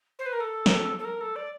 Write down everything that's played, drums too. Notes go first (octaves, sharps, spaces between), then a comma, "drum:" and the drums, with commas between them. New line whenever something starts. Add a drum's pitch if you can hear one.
C5
B4
A#4
A4
A#4, drum: snare
A4
A4
A#4
A4
D5